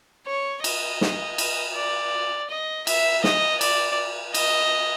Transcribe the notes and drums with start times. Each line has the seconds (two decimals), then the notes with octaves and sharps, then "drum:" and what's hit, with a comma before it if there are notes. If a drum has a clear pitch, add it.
0.27 C#5
0.64 D#5, drum: cymbal
1.01 drum: snare
1.38 drum: cymbal
1.75 D5
2.50 D#5
2.87 E5, drum: cymbal
3.24 D#5, drum: snare
3.61 D5, drum: cymbal
4.34 D#5, drum: cymbal